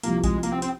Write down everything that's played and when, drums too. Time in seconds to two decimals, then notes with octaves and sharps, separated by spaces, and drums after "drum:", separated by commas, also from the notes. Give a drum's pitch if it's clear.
0.03 C2 C3 F3 A#3, drum: hi-hat
0.24 G#3, drum: kick A#1, hi-hat
0.43 A#3, drum: hi-hat
0.52 C4
0.62 C4, drum: hi-hat